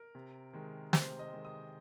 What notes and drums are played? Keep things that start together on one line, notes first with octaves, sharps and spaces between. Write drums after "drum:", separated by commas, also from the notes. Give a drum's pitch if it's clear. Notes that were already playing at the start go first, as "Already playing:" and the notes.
Already playing: A#4
C3
D#3 G#3
C3 C5, drum: snare
D#5
D#3 G#3
D#6